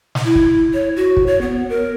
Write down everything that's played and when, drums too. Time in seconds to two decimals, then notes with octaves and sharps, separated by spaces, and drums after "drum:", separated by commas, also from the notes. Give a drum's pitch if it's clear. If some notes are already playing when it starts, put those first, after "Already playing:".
0.15 drum: snare
0.25 E4
0.35 drum: kick
0.74 C#5
0.96 F#4
1.17 drum: kick
1.27 C#5
1.41 B3
1.69 A#4